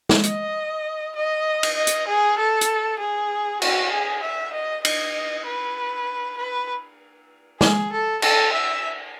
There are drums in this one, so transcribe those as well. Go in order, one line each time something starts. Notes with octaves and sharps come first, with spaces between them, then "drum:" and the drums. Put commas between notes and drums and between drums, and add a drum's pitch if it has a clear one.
drum: snare
D#5, drum: hi-hat
D#5
drum: cymbal
D#5
drum: hi-hat
G#4
A4
drum: hi-hat
G#4
F#4, drum: cymbal
G#4
E5
D#5
D#5, drum: cymbal
B4
B4
G#4, drum: snare
A4
A4, drum: cymbal
E5